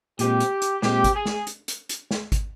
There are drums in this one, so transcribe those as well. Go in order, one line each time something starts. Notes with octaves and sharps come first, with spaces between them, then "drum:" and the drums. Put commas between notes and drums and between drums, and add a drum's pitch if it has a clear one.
A#2 G#3 C4 G4, drum: hi-hat
drum: hi-hat
drum: hi-hat
A#2 G#3 C4 G4, drum: snare
drum: kick G#1, hi-hat
G#4
drum: snare
drum: hi-hat
drum: hi-hat
drum: hi-hat
drum: snare
drum: kick G#1, hi-hat